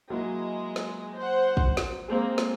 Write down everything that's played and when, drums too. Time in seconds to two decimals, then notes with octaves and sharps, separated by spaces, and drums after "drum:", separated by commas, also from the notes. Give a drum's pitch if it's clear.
0.10 F#3 G#3 A#3 E4
0.76 drum: snare
1.16 C5 F#5
1.57 drum: kick
1.77 drum: snare
2.08 G#3 A#3 C4 G#4 C5
2.38 drum: snare